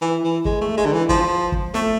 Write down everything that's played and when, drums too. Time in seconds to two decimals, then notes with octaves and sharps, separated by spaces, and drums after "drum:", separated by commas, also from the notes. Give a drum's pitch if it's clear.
0.01 E3
0.24 E3
0.45 G#3, drum: kick
0.61 A3
0.77 G#3
0.86 D3
0.93 E3
1.09 F3, drum: kick
1.52 drum: kick
1.74 A3, drum: snare